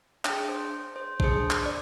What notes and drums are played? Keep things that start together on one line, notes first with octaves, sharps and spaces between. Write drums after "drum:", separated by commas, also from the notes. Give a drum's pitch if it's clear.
D4 G#4 G5, drum: clap
C5
C5
D4 G#4 C5, drum: kick A#1
drum: clap
D5